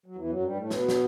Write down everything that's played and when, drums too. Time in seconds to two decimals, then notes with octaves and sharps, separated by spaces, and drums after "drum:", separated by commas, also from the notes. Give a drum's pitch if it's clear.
0.06 F#3
0.16 E2 E3
0.29 F#2 F#3
0.43 G2 G3
0.57 A2 A3
0.70 B2 B3, drum: snare
0.89 drum: snare